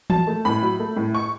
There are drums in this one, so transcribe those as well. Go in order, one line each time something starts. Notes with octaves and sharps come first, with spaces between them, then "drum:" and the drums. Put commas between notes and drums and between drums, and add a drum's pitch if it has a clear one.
F#3 A5, drum: tom E3
A3
A2 B5
F#3
A3
A2
C#6